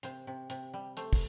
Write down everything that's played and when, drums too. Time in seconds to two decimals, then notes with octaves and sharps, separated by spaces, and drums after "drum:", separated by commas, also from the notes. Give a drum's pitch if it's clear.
0.03 C3 C5, drum: hi-hat
0.27 C3
0.50 C3, drum: hi-hat
0.74 G3
0.97 A3 C5, drum: hi-hat
1.13 drum: kick, open hi-hat